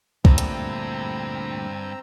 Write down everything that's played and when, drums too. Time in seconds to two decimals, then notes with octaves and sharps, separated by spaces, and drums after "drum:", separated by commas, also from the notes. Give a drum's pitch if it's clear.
0.25 D2 G2 A#2 D3 C4 A#5 E6, drum: kick
0.38 drum: hi-hat